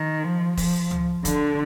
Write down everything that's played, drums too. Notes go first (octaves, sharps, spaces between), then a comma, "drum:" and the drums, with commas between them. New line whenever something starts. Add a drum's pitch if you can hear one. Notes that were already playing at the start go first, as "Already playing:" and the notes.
Already playing: D#3
F3
F3, drum: kick, open hi-hat
drum: tom C#2
D3, drum: kick, hi-hat